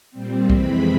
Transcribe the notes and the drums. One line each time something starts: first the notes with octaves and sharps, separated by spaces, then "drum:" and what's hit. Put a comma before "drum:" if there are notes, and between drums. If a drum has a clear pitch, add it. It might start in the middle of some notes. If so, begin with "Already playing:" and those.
A#2 G3 C4
F2 C3 E3 G#3 C4 B5, drum: kick